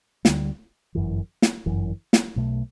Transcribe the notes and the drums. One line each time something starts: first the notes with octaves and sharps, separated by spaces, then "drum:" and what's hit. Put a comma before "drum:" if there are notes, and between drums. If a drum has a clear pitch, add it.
D2 D3 G3, drum: snare
G1 F#2 E3
drum: snare
G1 F#2 E3
drum: snare
B1 B2 A3